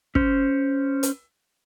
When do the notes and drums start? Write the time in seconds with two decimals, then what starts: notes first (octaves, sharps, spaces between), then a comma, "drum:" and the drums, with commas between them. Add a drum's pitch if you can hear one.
0.15 C#4 C5, drum: kick
1.03 drum: hi-hat